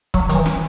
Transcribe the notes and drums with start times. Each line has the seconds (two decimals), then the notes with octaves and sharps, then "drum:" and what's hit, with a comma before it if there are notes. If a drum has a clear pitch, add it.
0.14 F#3, drum: kick C#1
0.29 D#3, drum: hi-hat
0.35 E3
0.46 drum: snare